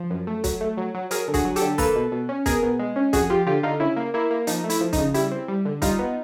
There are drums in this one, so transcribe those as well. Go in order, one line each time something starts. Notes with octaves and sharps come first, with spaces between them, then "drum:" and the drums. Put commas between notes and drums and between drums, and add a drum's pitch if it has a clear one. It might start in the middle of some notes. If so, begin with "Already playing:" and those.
Already playing: F3
F#2
A3
F#3, drum: kick, hi-hat
A3
F#3
F#3
F#3 G#4 A#4, drum: hi-hat
D3
F#4 G#4, drum: kick, hi-hat
F#3
G4 A4, drum: hi-hat
D3
A#3 A4 B4, drum: kick, open hi-hat
B2
B2
C#4
B2 G#4 A#4, drum: kick, hi-hat
B2
G#3
C#4
F2 F#4 G#4, drum: kick, hi-hat
F3 F4 G4
D3 F4 G4
D3 D#4 F4
C#3 E4
A#3
A#3 E4
A#3
F3 D#4, drum: hi-hat
A3
E4, drum: hi-hat
F3
D#4, drum: kick, hi-hat
C#3
G3 E4, drum: hi-hat
C4
G3
D3
G3 D#4 F4, drum: kick, hi-hat
B3